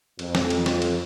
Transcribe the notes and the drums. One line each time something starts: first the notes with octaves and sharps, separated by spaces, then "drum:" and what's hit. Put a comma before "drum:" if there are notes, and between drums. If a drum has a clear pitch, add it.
F2, drum: cymbal
drum: snare
drum: cymbal
drum: snare
drum: cymbal